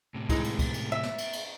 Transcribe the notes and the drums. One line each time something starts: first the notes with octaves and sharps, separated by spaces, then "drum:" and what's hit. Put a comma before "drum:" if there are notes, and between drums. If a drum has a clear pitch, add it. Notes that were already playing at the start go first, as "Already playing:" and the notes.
A2 C3
E3 G#3 D#4, drum: kick, cymbal
drum: cymbal
drum: kick, cymbal
drum: cymbal
E5
drum: snare
drum: cymbal
drum: cymbal